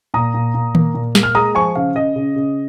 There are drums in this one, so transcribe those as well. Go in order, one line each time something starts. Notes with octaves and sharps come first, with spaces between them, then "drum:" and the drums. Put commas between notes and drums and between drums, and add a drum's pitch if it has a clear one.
A#2 A#5 D#6
A#2
A#2
A#3, drum: tom D#3
A#2
A#3, drum: snare
F6
G#3 A#5 D#6
F3 G#5 C#6
C#3 F5
C#3 D#5
C#3
C#3